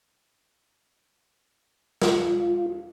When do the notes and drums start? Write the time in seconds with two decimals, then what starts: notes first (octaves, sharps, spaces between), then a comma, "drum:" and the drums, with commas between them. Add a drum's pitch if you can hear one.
2.02 F4, drum: snare